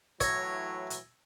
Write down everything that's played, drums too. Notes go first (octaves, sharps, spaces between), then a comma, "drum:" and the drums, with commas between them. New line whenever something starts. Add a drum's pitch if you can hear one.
A2 E3 F#3 C#5 E6 G#6 A#6, drum: kick, hi-hat
drum: hi-hat